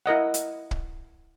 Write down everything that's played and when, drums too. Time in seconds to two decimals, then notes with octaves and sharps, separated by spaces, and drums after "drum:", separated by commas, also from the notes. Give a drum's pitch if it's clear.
0.06 E4 A#4 D#5 F#5
0.34 drum: hi-hat
0.71 drum: kick